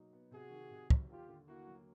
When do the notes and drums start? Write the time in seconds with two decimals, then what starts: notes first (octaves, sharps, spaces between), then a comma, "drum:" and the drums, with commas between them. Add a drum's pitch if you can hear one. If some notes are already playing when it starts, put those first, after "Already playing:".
Already playing: B2 F#3 A#3 D#4
0.13 B3
0.31 C3 F#4 G#4
0.51 D#3
0.71 C3
0.90 F#3, drum: kick
1.09 D#2 F4 G4
1.28 D3
1.48 A#3 E4 F#4
1.67 F#3